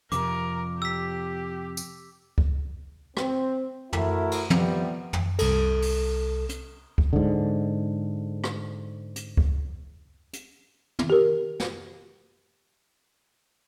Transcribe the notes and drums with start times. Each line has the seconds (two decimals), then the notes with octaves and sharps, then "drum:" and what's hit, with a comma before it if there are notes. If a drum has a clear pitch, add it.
0.12 F2 C3 A#4 D6, drum: hi-hat
0.82 G4 E6 B6
1.77 drum: tambourine
2.38 drum: kick C#2
3.17 C4, drum: rim click
3.93 A3 E4 F#4 A#4, drum: tom
4.32 drum: cymbal
4.50 F2 C3 G3 B3, drum: tom
5.13 drum: tom
5.39 C2 A4, drum: cymbal
5.82 drum: open hi-hat
6.49 drum: hi-hat
6.98 drum: kick C#2
7.13 G#2 D3
8.44 drum: rim click
9.16 drum: hi-hat
9.37 drum: kick C#2
10.33 drum: hi-hat
10.99 drum: tom
11.10 G4 A#4
11.60 drum: snare